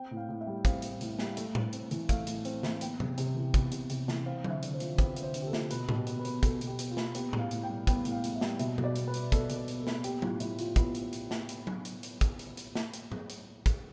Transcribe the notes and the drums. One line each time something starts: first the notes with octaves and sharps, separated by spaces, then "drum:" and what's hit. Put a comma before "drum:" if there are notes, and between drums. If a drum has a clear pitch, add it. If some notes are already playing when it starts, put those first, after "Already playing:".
Already playing: C4 G5
A2
F5
A2
E5
G3
C4 F5, drum: kick, hi-hat
A2, drum: hi-hat
A2, drum: hi-hat
G3, drum: snare
A3, drum: hi-hat
A2, drum: tom A2
C4, drum: hi-hat
E3, drum: hi-hat
A3 F5, drum: kick, hi-hat
A2, drum: hi-hat
C4, drum: hi-hat
E3, drum: snare
B3 G5, drum: hi-hat
C3, drum: tom G#2
C3, drum: hi-hat
E3
B3, drum: kick, hi-hat
C3, drum: hi-hat
C3, drum: hi-hat
E3, drum: snare
C4 F5
D3, drum: tom F#3
E5
D3, drum: hi-hat
C5
F3, drum: hi-hat
C4 B4, drum: kick, hi-hat
D3, drum: hi-hat
C5
D3, drum: hi-hat
G4
A4
F3, drum: snare
B2 B4, drum: hi-hat
B2, drum: tom A2
G4
B3, drum: hi-hat
B4
B3, drum: hi-hat
B2 A4, drum: kick, hi-hat
B2, drum: hi-hat
G4
B3, drum: hi-hat
F4
B3, drum: snare
B3 G4, drum: hi-hat
A2, drum: tom A2
F5
A2, drum: hi-hat
G5
G3
B3 G5, drum: kick, hi-hat
A2, drum: hi-hat
F5
A2, drum: hi-hat
E5
G3, drum: snare
B2 E5, drum: hi-hat
B2, drum: tom G#2
D5
B3, drum: hi-hat
B4
B3, drum: hi-hat
B2 A4, drum: kick, hi-hat
B2, drum: hi-hat
B4
B3, drum: hi-hat
A4
B3, drum: snare
B3 G4, drum: hi-hat
A2 F4, drum: tom F#3
A2 E4, drum: hi-hat
F3 F4, drum: hi-hat
B3 E4, drum: kick, hi-hat
drum: hi-hat
drum: hi-hat
drum: snare
drum: hi-hat
drum: tom F#3
drum: hi-hat
drum: hi-hat
drum: kick, hi-hat
drum: hi-hat
drum: hi-hat
drum: snare
drum: hi-hat
drum: tom G#2
drum: hi-hat
drum: kick, hi-hat